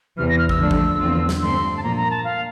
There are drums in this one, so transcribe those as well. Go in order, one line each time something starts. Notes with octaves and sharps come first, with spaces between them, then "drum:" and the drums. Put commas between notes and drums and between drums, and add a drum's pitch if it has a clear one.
E2 C3 E3 F6
A#6
F6
E6, drum: kick
D3 F3 A3 D4
drum: kick
E2 D3 F3 C4 F4
drum: snare
G2 D3 A3 C4 C6
A5
A#2 F3 A#3 A#5
A#5
A5
F5